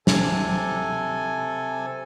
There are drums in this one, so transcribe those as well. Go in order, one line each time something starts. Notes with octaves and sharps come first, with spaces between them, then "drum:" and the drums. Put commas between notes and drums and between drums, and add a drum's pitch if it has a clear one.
C3 A4 G#5, drum: snare